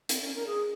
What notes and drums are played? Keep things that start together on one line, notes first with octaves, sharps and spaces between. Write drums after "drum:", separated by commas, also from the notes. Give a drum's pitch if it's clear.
C4, drum: hi-hat
C#4
A#4
G#4